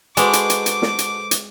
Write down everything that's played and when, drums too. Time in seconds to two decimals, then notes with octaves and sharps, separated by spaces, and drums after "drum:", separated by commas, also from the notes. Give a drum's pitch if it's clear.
0.17 G#3 D4 F#4 A4 B4 C5 D6, drum: hi-hat
0.33 drum: hi-hat
0.50 drum: hi-hat
0.66 drum: hi-hat
0.82 drum: snare
0.99 drum: hi-hat
1.31 drum: hi-hat